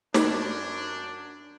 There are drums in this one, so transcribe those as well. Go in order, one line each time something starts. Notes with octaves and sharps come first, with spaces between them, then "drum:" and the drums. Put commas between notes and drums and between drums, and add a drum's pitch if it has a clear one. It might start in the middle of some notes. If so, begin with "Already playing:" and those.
F#2 D4, drum: snare